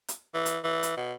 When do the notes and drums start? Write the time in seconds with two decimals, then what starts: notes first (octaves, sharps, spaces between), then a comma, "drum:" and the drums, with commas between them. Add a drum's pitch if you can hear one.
0.08 drum: hi-hat
0.34 E3
0.46 drum: hi-hat
0.64 E3
0.83 drum: hi-hat
0.97 B2